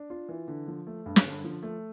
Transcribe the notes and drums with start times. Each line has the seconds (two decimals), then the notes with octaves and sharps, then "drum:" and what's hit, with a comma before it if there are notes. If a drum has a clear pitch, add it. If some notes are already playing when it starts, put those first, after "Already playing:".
Already playing: D4
0.10 F4
0.29 E3
0.48 D3
0.68 F3
0.87 A3
1.06 G2
1.16 drum: snare
1.25 D3
1.44 F3
1.63 A3